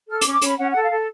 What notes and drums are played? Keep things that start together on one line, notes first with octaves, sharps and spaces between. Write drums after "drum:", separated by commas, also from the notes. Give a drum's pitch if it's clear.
A4 F6
D6, drum: hi-hat
C#4
D6
C#4 B5, drum: hi-hat
C#4 F#5
A4 F#5
F5
A4